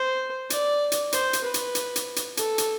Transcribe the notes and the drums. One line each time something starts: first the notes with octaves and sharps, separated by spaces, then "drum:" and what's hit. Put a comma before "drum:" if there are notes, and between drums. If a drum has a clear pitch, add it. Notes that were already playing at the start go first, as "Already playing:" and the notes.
Already playing: C5
D5, drum: hi-hat
drum: hi-hat
C5, drum: hi-hat
drum: hi-hat
B4
drum: hi-hat
drum: hi-hat
drum: hi-hat
drum: hi-hat
A4, drum: hi-hat
drum: hi-hat